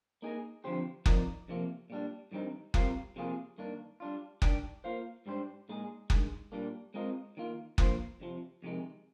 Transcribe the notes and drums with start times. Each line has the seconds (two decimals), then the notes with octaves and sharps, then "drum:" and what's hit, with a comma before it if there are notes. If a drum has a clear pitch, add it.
0.22 A#3 D#4 G#4 D#5
0.64 D3 F3 C4 G4 C5
1.06 F3 C4 D#4 A#4 D5, drum: kick F#1
1.48 F2 C3 F3 A#3
1.90 A#2 G3 D4
2.31 G2 D#3 G3 C4 D#4
2.74 G3 C4 F4 A#4 F5, drum: kick F#1
3.16 C3 F3 A#3 F4 G#4
3.58 G2 D#3 A#3 D4
4.00 G3 D4 F4
4.42 D#3 G3 D4 G4, drum: kick F#1
4.84 A#3 F4 C5 F5
5.26 G#2 G3 D4 G4 C5
5.69 A#2 G#3 D#4 G#4
6.10 G2 D#3 G#3, drum: kick F#1
6.52 A#2 G3 A#3 D4
6.94 G#3 C4 F4 A#4 D#5
7.37 D#3 A#3 F4
7.78 G2 F3 A#3 F4 C5, drum: kick F#1
8.20 F2 C3 F3
8.62 F2 C3 D#3 G#3